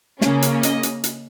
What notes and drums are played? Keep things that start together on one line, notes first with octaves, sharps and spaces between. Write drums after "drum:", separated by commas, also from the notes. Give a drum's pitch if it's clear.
C#3 A#3 C#4, drum: snare
drum: hi-hat
D#5, drum: hi-hat
drum: hi-hat
drum: hi-hat